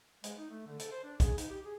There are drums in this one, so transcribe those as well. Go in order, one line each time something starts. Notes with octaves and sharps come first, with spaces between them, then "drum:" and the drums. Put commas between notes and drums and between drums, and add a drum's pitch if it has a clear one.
G#3, drum: hi-hat
D#4
A3
D3
A4, drum: hi-hat
C5
D4
G#4, drum: kick, hi-hat
D#4, drum: hi-hat
G4
G#4